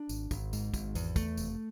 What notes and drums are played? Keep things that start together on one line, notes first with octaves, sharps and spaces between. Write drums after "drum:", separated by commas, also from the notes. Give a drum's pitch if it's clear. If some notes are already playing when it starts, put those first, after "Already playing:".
Already playing: D4
G#1, drum: tambourine
G#1, drum: kick, tambourine
G#2, drum: tambourine
G#1, drum: kick, tambourine
E2, drum: tambourine
A3, drum: kick, tambourine
F1, drum: tambourine